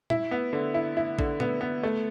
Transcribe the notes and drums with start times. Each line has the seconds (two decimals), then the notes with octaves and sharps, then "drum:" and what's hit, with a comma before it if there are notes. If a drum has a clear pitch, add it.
0.10 E4, drum: tom A#2
0.31 B3
0.53 D3
0.74 E4
0.97 E4
1.19 D3, drum: kick A1
1.40 B3, drum: tom A#2
1.61 B3
1.83 A3